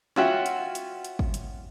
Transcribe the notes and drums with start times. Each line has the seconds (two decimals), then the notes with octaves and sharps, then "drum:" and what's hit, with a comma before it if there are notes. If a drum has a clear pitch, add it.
0.16 C#4 F4 F#4 E5 F#5 G5, drum: snare
0.46 drum: hi-hat
0.75 drum: hi-hat
1.05 drum: hi-hat
1.19 drum: kick G#1
1.34 drum: hi-hat